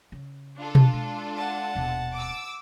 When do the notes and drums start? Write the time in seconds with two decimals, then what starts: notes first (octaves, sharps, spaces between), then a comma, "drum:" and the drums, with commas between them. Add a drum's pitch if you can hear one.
0.12 C#3
0.58 D4 F4 A4
0.75 drum: tom B2
0.93 G#3
1.37 F#5 A5
1.75 D#1 B2
2.14 D6 E6